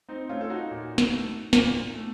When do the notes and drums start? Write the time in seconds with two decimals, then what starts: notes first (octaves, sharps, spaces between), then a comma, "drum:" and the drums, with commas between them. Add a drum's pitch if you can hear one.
0.09 C4 D#4
0.29 A3 C#4 F4
0.41 A4
0.50 D#4 F#4
0.71 A#2
0.98 drum: snare
1.12 A3
1.53 A#2, drum: snare
1.94 A3